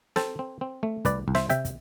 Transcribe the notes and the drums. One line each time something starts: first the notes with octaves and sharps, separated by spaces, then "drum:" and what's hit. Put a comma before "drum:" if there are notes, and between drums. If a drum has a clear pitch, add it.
C4 A4 C5, drum: snare
C4
C4
A3
C2 B4 D5, drum: kick, hi-hat
C2
C5 E5, drum: snare
C3 E5 G5, drum: hi-hat
drum: kick, hi-hat